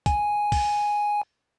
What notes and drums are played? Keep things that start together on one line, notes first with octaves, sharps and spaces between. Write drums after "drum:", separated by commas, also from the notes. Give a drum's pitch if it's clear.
G#5, drum: kick, hi-hat
drum: kick, open hi-hat